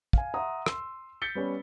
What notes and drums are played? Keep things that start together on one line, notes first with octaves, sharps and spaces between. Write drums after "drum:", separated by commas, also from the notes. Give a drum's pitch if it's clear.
F5 G#5, drum: kick
E5 F#5 A#5 C6 D#6
C6 E6, drum: rim click
G6 A6 B6 C#7 G7
G3 B3 C#4